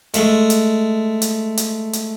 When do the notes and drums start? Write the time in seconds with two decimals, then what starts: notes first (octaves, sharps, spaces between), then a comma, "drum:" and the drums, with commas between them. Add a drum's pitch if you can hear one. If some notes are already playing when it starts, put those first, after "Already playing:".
0.14 G#3 A3, drum: hi-hat
0.50 drum: hi-hat
1.22 drum: hi-hat
1.57 drum: hi-hat
1.93 drum: hi-hat